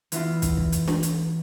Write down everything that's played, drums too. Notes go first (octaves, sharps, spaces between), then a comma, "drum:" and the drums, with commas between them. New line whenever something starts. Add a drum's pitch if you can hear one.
E3 B3 E4 F4, drum: hi-hat
drum: kick, hi-hat
drum: kick
drum: hi-hat
drum: snare
drum: hi-hat